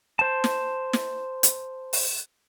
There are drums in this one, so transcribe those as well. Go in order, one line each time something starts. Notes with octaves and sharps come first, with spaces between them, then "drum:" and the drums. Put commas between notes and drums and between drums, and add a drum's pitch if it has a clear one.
C5 A5
drum: snare
drum: snare
drum: hi-hat
drum: open hi-hat